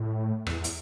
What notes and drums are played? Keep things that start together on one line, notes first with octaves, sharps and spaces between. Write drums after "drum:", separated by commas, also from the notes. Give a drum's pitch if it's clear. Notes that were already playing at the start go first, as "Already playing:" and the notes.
Already playing: A2
E2, drum: rim click
drum: hi-hat